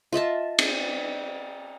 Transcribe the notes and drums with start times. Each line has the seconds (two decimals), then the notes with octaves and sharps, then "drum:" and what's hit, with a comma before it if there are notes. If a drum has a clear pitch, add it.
0.13 F4 D#5 E5 A5
0.59 drum: cymbal